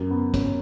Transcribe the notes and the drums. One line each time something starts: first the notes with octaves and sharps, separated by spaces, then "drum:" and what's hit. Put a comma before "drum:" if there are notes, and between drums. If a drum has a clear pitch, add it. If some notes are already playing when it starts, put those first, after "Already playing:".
Already playing: F#2 A#3
B3
C#4, drum: kick, hi-hat